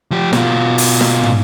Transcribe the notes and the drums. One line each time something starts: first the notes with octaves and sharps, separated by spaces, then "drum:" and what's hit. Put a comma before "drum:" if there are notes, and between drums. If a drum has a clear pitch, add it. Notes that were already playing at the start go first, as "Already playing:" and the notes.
F3 G4
B2 F4, drum: snare
drum: open hi-hat
drum: snare
drum: tom